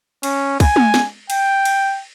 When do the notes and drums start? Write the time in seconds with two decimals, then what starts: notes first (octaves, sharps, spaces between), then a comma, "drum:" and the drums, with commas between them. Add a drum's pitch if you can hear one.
0.23 C#4, drum: cymbal
0.60 G#5, drum: kick, cymbal
0.76 drum: tom
0.94 drum: snare
1.30 G5, drum: cymbal
1.65 drum: cymbal